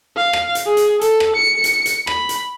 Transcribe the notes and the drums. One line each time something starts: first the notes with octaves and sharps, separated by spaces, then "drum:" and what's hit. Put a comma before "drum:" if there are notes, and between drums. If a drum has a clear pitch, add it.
F5
drum: rim click
drum: hi-hat
G#4
drum: hi-hat
A4, drum: hi-hat
drum: rim click
C#7
drum: hi-hat
drum: hi-hat
B5, drum: rim click
drum: hi-hat